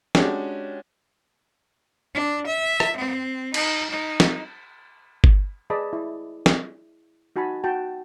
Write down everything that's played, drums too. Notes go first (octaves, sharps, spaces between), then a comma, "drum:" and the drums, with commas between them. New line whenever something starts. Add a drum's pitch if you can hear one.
G#3 C#4 D4 F#4 G4, drum: snare
D4
E5
drum: rim click
C4
D#4, drum: cymbal
D#4
drum: snare
drum: kick G1
G#4 B4 D5 D#5 A5 B5
E4
drum: snare
D#4 F#4 G#5 A5 B5
F#4 G5 A5